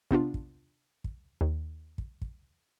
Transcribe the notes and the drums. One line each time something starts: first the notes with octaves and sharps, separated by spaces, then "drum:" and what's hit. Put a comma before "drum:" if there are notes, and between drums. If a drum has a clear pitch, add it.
C3 B3 D4 F4, drum: kick
drum: kick
drum: kick
D#2
drum: kick
drum: kick